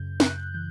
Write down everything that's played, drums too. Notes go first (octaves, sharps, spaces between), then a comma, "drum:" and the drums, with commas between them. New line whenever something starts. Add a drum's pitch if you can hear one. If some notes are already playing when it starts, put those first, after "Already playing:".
Already playing: F#2 C#3 G6
C#3 F#6, drum: snare
G6
E3 G6